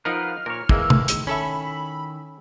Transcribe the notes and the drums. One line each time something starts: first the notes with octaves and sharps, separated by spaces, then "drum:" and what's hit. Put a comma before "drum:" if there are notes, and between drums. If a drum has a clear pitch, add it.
F3 D#4 F4 A#4 B4 F#5 F6
A#2 A#4 C#5
D#3 E3 G#3 A#3 E4 E6, drum: kick
drum: tom
drum: hi-hat
C#4 A4 E5 B5